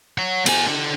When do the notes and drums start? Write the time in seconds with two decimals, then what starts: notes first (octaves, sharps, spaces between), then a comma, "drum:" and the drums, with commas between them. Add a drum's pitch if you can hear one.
0.18 C#5 F#5
0.46 B3 G#5, drum: cymbal
0.66 D4 A4